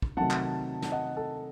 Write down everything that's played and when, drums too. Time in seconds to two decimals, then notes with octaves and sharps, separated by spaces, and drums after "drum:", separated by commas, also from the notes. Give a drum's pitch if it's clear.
0.02 drum: kick
0.17 C3 D#3 F#3 A3 C4 F#5 A5
0.30 drum: clap
0.82 drum: snare
0.92 D#5 F#5
1.17 A4